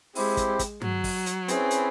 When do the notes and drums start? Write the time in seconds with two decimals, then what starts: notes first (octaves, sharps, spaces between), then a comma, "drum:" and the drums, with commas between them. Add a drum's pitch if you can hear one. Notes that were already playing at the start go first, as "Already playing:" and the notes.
0.15 G#3 C4 E4 G4 C5, drum: open hi-hat
0.37 drum: kick, hi-hat
0.59 drum: kick, hi-hat
0.81 F#3, drum: tom G2
1.04 drum: kick, open hi-hat
1.26 drum: hi-hat
1.48 C4 C#4 E4 G#4 B4, drum: hi-hat
1.71 drum: hi-hat